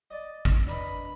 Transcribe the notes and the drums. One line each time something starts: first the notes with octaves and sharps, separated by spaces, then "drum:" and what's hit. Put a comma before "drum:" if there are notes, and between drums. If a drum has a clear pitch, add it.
D5 D#5
drum: kick
D4 A#4 B4 D5 D#5 B5